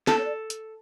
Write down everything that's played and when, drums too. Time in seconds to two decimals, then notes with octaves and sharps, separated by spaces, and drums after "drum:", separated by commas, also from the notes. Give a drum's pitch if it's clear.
0.07 A4 A5, drum: snare
0.18 C#5
0.25 D5
0.50 drum: hi-hat